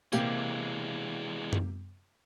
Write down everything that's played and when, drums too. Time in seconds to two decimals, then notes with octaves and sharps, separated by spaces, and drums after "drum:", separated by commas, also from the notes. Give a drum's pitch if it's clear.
0.12 C3 E3 G#3 A#3 G4, drum: tambourine
1.53 drum: tom F#2